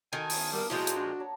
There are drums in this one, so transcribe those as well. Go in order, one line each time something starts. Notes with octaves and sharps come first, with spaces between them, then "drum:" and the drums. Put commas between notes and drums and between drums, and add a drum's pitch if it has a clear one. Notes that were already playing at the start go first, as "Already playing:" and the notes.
D#3 D#4 F#4 A4 G#5
B3 C#4 E4, drum: open hi-hat
G3 A#3 B3 D#4 A#4
A#2 F3 G#3 D4 E4 F#4 C5
drum: hi-hat
D4 F#5
C#5 A5 A#5